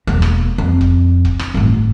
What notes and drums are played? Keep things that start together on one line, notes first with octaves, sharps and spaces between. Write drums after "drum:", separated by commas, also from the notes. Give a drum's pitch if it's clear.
E1 A#3, drum: kick
drum: rim click
F2
drum: kick
drum: kick
drum: rim click
G1 A2